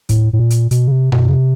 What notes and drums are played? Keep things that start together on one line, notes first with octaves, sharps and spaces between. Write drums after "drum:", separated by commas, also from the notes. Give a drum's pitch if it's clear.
A2, drum: kick D2, hi-hat
A2
A#2
drum: hi-hat
B2, drum: hi-hat
C#3
C3
B2, drum: tom F#2
C#3
C3